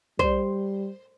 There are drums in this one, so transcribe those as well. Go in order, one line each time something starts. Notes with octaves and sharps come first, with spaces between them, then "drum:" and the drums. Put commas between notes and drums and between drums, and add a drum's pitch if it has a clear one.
G3 C5, drum: kick